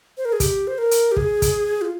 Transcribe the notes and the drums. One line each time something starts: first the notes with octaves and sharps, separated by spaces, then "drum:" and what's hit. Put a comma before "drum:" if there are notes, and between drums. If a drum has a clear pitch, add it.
C5
A#4
G#4
G4, drum: kick, hi-hat
C5
A#4
drum: hi-hat
G4
G#4, drum: kick
drum: kick, hi-hat
F4